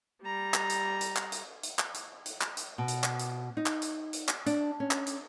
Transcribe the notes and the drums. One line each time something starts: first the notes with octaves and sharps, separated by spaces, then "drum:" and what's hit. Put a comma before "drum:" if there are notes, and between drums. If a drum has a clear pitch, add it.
G3 A#5
drum: clap
drum: hi-hat
drum: hi-hat
drum: clap
drum: hi-hat
drum: hi-hat
drum: clap
drum: hi-hat
drum: hi-hat
drum: clap
drum: hi-hat
B2
drum: hi-hat
drum: clap
drum: hi-hat
D#4
drum: clap
drum: hi-hat
drum: hi-hat
drum: clap
D4, drum: hi-hat
C#4
drum: clap
drum: hi-hat